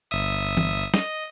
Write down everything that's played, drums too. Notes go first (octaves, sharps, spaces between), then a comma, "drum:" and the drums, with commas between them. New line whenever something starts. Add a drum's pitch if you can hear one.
G1 E5 D#6
drum: tom E3
D#5, drum: snare